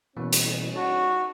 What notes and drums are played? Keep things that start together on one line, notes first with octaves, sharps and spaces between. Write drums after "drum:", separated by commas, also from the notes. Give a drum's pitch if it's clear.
B2 E3 G3 A#3 C#4
drum: hi-hat
D#4 F#4 A5